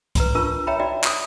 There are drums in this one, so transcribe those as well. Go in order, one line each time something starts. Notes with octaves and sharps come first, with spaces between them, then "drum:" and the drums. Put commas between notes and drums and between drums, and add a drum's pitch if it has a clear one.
B4 A#5 C6, drum: kick C2, hi-hat
D4 F4 A#4 B4 A5 C#6
C#5 E5 G5 A#5 B5
D#4 F#4 D5 E5 G5
C6 D#6, drum: clap